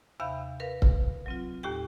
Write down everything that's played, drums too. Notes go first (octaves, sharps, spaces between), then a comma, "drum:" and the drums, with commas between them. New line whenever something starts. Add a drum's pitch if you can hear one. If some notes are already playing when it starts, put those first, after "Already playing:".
D#2 C3 E5 F5 B5 G6
A#4 B4 F5
drum: kick C#1
F#3 C4 F4
D#2 A2 G4 G5